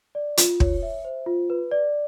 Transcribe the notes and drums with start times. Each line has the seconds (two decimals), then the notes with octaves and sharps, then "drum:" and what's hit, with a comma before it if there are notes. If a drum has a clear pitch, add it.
0.15 D5
0.37 F4, drum: hi-hat
0.60 C#5, drum: kick
0.83 E5
1.05 C5
1.26 F4
1.50 B4
1.71 D5